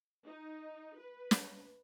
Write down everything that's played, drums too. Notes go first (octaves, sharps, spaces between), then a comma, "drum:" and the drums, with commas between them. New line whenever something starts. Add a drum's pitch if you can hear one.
D#4
B4
drum: snare